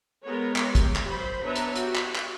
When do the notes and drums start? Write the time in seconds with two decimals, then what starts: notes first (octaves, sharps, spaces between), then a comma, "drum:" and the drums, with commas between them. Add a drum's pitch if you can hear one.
0.24 G#3 B3 G#4 A#4 C#5
0.56 drum: clap
0.75 G4, drum: kick, hi-hat
0.96 drum: clap
1.07 F#3 C5 B5 C6
1.44 B3 D4 B4 C#5 E5 A#5
1.56 drum: hi-hat
1.76 F#4 G4, drum: hi-hat
1.96 drum: clap
2.15 drum: clap